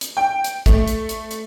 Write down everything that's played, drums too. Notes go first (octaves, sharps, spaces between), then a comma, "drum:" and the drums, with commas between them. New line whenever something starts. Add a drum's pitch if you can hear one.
drum: hi-hat
G5
drum: hi-hat
A3, drum: kick, hi-hat
drum: hi-hat
drum: hi-hat
drum: hi-hat